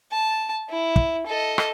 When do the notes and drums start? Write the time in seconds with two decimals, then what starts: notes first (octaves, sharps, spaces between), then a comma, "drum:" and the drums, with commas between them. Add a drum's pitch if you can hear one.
0.12 A5
0.70 E4
0.96 drum: kick
1.27 A4 D#5
1.58 drum: rim click